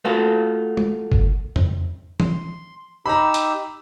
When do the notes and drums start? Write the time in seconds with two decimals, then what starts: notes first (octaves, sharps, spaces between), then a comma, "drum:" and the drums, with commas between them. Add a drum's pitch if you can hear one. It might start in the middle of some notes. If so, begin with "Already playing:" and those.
0.05 A3 A#3 F4 F#4 A4
0.77 drum: tom G#3
1.12 drum: kick G1
1.56 drum: tom F2
2.20 C6, drum: tom E3
3.06 D#4 G4 A#5 B5 E6
3.34 drum: hi-hat